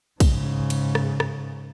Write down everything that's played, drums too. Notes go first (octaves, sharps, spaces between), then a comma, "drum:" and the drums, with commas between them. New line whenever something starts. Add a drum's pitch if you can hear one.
G#2 C#3, drum: kick, cymbal
drum: cymbal
drum: rim click
drum: rim click